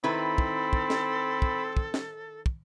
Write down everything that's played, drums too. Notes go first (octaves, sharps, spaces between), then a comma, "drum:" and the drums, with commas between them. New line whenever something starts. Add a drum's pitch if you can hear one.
D#3 C4 E4 A4 B4 B5
drum: kick
drum: kick
drum: snare
drum: kick
drum: kick
drum: snare
drum: kick